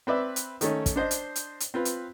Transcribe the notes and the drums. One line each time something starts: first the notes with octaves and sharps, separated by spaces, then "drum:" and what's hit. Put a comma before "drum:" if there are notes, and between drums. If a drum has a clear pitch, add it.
C4 B4 D5 E5
drum: hi-hat
D#3 A3 C#4, drum: hi-hat
drum: kick, hi-hat
D4 C5 D#5
drum: hi-hat
drum: hi-hat
drum: hi-hat
C4 F4 B4
drum: hi-hat